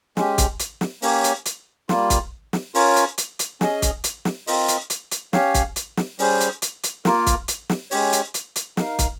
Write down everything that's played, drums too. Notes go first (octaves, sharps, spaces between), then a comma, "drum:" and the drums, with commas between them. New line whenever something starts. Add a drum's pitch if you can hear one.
G#3 C#4 G4, drum: snare
drum: kick, hi-hat
drum: hi-hat
drum: snare
A#3 C#4 G4 C#5, drum: open hi-hat
drum: hi-hat
drum: hi-hat
G3 A#3 F4, drum: snare
drum: kick, hi-hat
drum: snare
C#4 F4 A#4 C#5, drum: open hi-hat
drum: hi-hat
drum: hi-hat
drum: hi-hat
C#4 G#4 D#5, drum: snare
drum: kick, hi-hat
drum: hi-hat
drum: snare
C4 F4 A#4 D#5, drum: open hi-hat
drum: hi-hat
drum: hi-hat
drum: hi-hat
C#4 G4 C#5 F5, drum: snare
drum: kick, hi-hat
drum: hi-hat
drum: snare
G3 C#4 G#4 C5, drum: open hi-hat
drum: hi-hat
drum: hi-hat
drum: hi-hat
A#3 F4 A#4, drum: snare
drum: kick, hi-hat
drum: hi-hat
drum: snare
G#3 C#4 G4 C#5, drum: open hi-hat
drum: hi-hat
drum: hi-hat
drum: hi-hat
D#4 A#4 F5, drum: snare
drum: kick, hi-hat